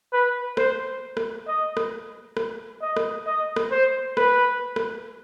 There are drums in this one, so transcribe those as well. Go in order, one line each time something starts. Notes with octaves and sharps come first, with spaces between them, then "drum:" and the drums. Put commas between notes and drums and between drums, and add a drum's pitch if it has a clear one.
B4
C5, drum: rim click
drum: rim click
D#5
drum: rim click
drum: rim click
D#5
drum: rim click
D#5
drum: rim click
C5
B4, drum: rim click
drum: rim click